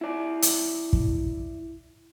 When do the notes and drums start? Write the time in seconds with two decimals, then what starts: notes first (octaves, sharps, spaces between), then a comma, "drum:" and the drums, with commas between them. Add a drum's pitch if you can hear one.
0.01 E4 D5
0.42 drum: hi-hat
0.93 drum: kick